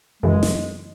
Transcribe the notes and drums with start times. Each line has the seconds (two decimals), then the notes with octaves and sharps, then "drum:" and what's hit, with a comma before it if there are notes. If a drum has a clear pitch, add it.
0.22 F#2 C#3 E3 G#3
0.43 drum: snare